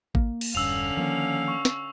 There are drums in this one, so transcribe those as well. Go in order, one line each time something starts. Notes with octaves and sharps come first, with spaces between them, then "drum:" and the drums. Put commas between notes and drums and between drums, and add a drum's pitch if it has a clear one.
A#3, drum: kick A1
drum: cymbal
E1 G2 D3 C#4 F5 E6 F7
D#3 F3 A#3
C#6
drum: snare